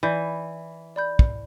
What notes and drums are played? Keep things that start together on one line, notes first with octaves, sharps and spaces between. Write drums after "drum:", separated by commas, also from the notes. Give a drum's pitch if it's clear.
E3 D5 B5 G6
D5 B5 G6
drum: kick